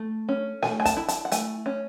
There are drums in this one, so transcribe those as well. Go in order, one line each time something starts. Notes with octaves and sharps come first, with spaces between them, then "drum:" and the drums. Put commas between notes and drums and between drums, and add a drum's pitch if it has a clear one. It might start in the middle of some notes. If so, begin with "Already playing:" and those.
Already playing: A3
C#4
A3 G#5, drum: snare A3
G#5
A5, drum: kick, hi-hat
E4
A5, drum: hi-hat
F#5
A3 G#5, drum: hi-hat
C#4